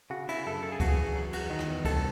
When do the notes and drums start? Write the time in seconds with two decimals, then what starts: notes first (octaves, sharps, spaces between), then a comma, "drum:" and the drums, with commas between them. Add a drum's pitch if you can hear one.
0.10 C#3 F#4
0.29 C#3 E4, drum: cymbal
0.46 F#2 A4
0.63 C#3 A4
0.72 G#4
0.80 E2 F#4, drum: kick C#2, cymbal
0.88 G#4
0.98 E2
1.16 F#3
1.33 E2 F#4, drum: cymbal
1.50 D#3
1.59 drum: rim click
1.68 E2
1.85 C2 A4, drum: kick C#2, cymbal